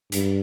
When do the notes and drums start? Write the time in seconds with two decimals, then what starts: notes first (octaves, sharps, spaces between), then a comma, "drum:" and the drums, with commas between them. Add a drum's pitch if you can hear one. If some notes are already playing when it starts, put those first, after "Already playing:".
0.12 G2, drum: hi-hat